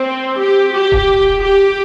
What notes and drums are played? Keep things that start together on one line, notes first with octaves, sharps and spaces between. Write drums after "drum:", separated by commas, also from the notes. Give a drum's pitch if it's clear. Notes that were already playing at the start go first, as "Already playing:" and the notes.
Already playing: C4
G4
G4
drum: kick D#1
G4